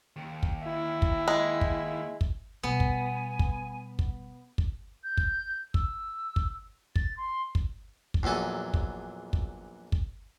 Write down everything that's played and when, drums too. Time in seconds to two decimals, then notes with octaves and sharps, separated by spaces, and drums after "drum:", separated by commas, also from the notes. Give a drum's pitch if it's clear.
0.16 D#2
0.43 drum: kick
0.65 E4
1.02 drum: kick
1.28 G#3
1.61 drum: kick
2.21 drum: kick
2.63 B2 G3 B3 G#5
2.80 drum: kick
3.39 drum: kick
3.99 drum: kick
4.58 drum: kick
5.04 G6
5.17 drum: kick
5.74 E6, drum: kick
6.36 drum: kick
6.96 A6, drum: kick
7.17 C6
7.55 drum: kick
8.14 drum: kick
8.23 A#1 E2 F#3 A4 G#5
8.74 drum: kick
9.33 drum: kick
9.92 drum: kick